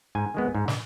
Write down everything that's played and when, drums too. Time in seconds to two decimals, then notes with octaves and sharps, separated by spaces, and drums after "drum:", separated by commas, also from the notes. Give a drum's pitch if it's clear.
0.15 G#2 G#5
0.34 D#3 G#3 B3
0.55 G#2
0.68 drum: snare